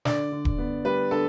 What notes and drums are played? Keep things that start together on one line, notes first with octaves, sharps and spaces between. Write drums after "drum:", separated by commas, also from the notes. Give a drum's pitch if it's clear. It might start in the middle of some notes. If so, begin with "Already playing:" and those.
D3 D5, drum: snare
D3
drum: kick D#1
B3
G3 B4
D3 A4